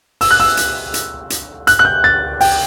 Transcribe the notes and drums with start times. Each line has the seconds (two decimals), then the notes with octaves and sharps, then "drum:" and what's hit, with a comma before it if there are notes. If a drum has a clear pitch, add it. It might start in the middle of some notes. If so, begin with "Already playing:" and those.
0.21 E6, drum: open hi-hat
0.31 F#6
0.40 E6
0.57 drum: hi-hat
0.94 drum: hi-hat
1.30 drum: hi-hat
1.67 F#6, drum: hi-hat
1.79 F#6
1.85 G6
2.04 A6
2.41 G5, drum: open hi-hat